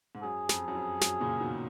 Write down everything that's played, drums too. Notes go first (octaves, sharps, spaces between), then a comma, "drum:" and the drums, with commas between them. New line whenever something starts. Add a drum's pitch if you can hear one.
G#2
F#2 G#4
F2, drum: snare
F#2
F2
F#2, drum: snare
A#2 C#3
B2 D#3